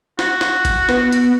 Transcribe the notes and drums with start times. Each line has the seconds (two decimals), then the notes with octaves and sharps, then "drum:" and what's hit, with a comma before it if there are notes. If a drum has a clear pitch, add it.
0.19 F#4, drum: snare
0.41 drum: snare
0.65 drum: kick, hi-hat
0.89 B3, drum: snare
1.12 drum: hi-hat